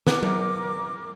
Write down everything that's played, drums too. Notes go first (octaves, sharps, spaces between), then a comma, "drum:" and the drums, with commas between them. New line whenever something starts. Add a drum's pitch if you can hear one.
B3 A#4 D6, drum: snare
drum: tom F#3